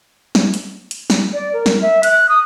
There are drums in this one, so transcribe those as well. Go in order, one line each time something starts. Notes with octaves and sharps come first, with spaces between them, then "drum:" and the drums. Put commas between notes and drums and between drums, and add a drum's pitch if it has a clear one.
drum: snare
drum: hi-hat
drum: hi-hat
drum: snare
D5
A#4
drum: snare
E5
F#6, drum: hi-hat
D#6